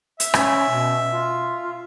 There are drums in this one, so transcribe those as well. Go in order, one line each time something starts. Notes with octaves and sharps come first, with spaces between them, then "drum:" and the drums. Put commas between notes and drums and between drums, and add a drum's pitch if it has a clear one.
E5, drum: hi-hat
C#4, drum: rim click
B2
F4